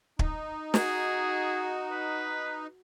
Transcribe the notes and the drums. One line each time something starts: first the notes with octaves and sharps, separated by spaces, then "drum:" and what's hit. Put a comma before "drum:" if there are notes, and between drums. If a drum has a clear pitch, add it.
D#4, drum: kick
F#4 G#4, drum: snare
B4